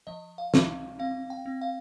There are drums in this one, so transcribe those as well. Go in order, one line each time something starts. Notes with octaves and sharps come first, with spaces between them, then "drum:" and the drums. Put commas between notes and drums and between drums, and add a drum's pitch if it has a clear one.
F3 D#5
F5
F3, drum: snare
C4 F5
G5
C4
F5